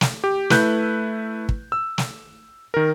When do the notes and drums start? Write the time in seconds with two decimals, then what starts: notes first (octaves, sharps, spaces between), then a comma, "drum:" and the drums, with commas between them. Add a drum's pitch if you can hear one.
0.01 drum: snare
0.24 G4
0.50 A3 E4 B4 F#6 G6, drum: snare
1.49 drum: kick
1.72 E6
1.98 drum: snare
2.74 D#3 A#4